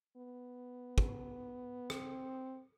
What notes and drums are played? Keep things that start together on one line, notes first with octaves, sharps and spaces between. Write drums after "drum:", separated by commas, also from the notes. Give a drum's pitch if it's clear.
B3
drum: kick
C4, drum: rim click